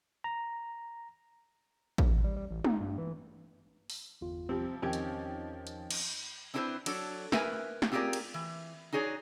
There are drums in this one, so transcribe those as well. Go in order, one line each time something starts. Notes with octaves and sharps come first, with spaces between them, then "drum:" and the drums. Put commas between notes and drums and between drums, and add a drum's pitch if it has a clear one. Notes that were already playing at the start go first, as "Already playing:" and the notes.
A#5
D#2, drum: kick
E1
G3
G3
A1
D#4, drum: tom
G2
E3
drum: open hi-hat
G1 E2 F4
C3 F3 G3 C4
E2 D#3 F3 C4 C#4 D#4 G4 G#6
drum: hi-hat
drum: hi-hat
drum: cymbal
C4 D4 E4 A4 B4 C5
F#3 D4 A4, drum: cymbal
A#4 B4 E5 G#5, drum: snare
drum: snare
C4 F4 G4 G#4 A#4 D5
drum: cymbal
E3
D#4 F#4 G#4 C#5 D5